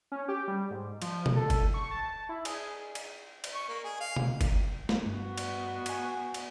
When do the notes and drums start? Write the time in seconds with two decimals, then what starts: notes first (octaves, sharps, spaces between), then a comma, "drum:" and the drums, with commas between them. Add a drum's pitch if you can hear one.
0.12 C#4
0.28 G4
0.48 G3
0.70 G#2
1.02 F3, drum: cymbal
1.26 drum: tom B2
1.36 A4
1.50 drum: kick F#1, cymbal
1.74 C#6
1.91 A5
2.29 E4
2.45 G#4, drum: cymbal
2.95 drum: cymbal
3.44 drum: cymbal
3.55 C#6
3.68 A#3
3.84 G#4
4.00 F5
4.16 drum: tom B2
4.41 drum: kick F#1, cymbal
4.89 drum: snare
5.06 G2 B3 F#4
5.38 drum: cymbal
5.86 G#5 C#6, drum: cymbal
6.34 drum: cymbal